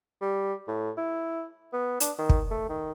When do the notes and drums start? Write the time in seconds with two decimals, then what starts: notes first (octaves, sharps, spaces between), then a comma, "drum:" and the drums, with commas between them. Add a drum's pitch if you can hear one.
0.21 G3
0.68 A2
0.98 E4
1.73 B3
2.00 D4, drum: hi-hat
2.18 D#3
2.29 drum: kick
2.51 A3
2.69 D#3